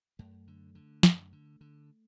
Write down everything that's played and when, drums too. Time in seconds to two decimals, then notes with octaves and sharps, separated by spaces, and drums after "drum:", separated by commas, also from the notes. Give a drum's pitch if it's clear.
0.19 F#2 A3
0.47 D3
0.75 D3
1.03 F#2, drum: snare
1.33 D3
1.61 D3